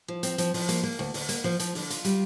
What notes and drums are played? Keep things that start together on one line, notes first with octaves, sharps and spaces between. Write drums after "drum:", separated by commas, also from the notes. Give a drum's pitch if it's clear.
F3
C4, drum: hi-hat
F3, drum: hi-hat
F3, drum: open hi-hat
A#3, drum: hi-hat
A#3
D2
D2, drum: open hi-hat
A#3, drum: hi-hat
F3
F3, drum: hi-hat
D3, drum: open hi-hat
F4, drum: hi-hat
G3, drum: hi-hat